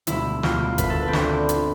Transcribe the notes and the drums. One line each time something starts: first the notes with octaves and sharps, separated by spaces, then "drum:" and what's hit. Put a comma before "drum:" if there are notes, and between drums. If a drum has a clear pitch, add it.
E1 D2 D3 G3 E4, drum: hi-hat
E1 D2 D3 G3 F4, drum: snare
D2 D3 A3 B4, drum: kick G1, hi-hat
A4
B4
C4
D2 D3 A3 D4, drum: snare
G1, drum: hi-hat
E3